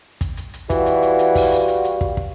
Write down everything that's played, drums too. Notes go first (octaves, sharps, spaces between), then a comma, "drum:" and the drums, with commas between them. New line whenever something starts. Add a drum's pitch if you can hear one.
drum: kick, hi-hat
drum: hi-hat
drum: hi-hat
E3 G3 F4 F#4, drum: kick, hi-hat
drum: hi-hat
drum: hi-hat
drum: hi-hat
drum: kick, open hi-hat
drum: hi-hat
drum: hi-hat
drum: hi-hat
drum: kick
drum: kick